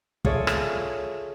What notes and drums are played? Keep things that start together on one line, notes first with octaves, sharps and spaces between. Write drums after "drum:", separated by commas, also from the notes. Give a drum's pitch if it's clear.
F4 G#4 A4 C#5 D5 E5, drum: kick
drum: rim click